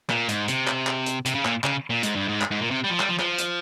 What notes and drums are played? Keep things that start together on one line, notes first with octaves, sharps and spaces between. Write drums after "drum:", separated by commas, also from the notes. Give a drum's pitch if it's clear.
A#2, drum: clap
G#2, drum: hi-hat
C3, drum: hi-hat
drum: clap
drum: clap
drum: hi-hat
C3, drum: hi-hat
C#3
A#2, drum: clap
C#3, drum: clap
A#2
G#2, drum: hi-hat
G2
G#2
drum: clap
G#2
A#2
C3
G3
F3
G3, drum: clap
F3
F3, drum: clap
drum: hi-hat